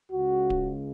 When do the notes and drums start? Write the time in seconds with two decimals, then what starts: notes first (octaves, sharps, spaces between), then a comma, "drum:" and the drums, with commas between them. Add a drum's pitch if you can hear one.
0.12 C#2 C#3 G#3 F#4
0.50 drum: kick D1